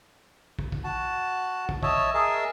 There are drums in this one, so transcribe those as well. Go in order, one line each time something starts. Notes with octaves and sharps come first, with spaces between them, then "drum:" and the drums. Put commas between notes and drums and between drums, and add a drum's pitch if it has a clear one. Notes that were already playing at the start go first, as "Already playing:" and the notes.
drum: kick
drum: kick
F#4 A5
drum: kick
C#5 D#5 E5 A5, drum: kick
G#4 A#4 D#5 E5 A5